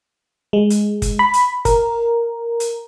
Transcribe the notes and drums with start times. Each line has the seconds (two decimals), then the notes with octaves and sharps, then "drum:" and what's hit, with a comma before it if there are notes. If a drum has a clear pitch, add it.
0.53 G#3
0.70 drum: hi-hat
1.02 drum: kick, hi-hat
1.19 B5
1.34 drum: hi-hat
1.65 A#4, drum: kick, hi-hat
2.60 drum: hi-hat